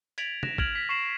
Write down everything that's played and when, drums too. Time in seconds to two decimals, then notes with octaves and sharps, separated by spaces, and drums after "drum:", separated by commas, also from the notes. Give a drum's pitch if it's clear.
0.18 G#6 A6 B6 D7 F7 F#7, drum: hi-hat
0.43 F#6 A#6 E7, drum: tom
0.58 F6 F#6 G#6 D7 F7 F#7, drum: kick
0.75 B6
0.89 C#6 C7 E7 F#7